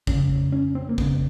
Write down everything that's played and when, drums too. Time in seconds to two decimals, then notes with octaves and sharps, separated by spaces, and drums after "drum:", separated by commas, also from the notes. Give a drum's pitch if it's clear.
0.07 F2 C#3 C#4, drum: kick
0.52 C#4
0.75 C4
0.89 A#3
0.98 F2 C#3 B3, drum: kick